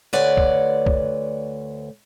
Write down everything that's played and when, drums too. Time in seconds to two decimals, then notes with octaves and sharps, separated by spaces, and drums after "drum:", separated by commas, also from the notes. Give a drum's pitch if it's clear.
0.13 D2 B4 C#5 D5 F#5
0.37 drum: kick
0.86 drum: kick